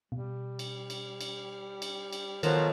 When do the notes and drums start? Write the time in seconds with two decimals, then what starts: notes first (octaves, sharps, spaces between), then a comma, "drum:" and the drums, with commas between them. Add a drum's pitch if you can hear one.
0.12 B2 G3
0.59 drum: cymbal
0.90 drum: cymbal
1.21 drum: cymbal
1.82 drum: cymbal
2.13 drum: cymbal
2.43 B2 D#3 F3 F#3 A4 A#4 C5 F6, drum: cymbal